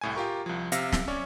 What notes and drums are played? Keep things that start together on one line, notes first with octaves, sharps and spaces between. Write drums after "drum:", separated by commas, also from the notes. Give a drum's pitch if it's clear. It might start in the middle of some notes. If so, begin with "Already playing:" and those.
C2 A2 G#5
F4 G4 A#4 C#6
C2 F3
C3 E5 F5 A#6 C#7, drum: hi-hat
drum: snare
C#4 C#5 D5